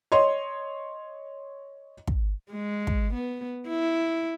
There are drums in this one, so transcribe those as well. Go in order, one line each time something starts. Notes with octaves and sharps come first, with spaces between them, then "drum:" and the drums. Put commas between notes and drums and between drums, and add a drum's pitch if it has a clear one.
C#5 D#5 C6
drum: kick
G#3
drum: kick
B3
E4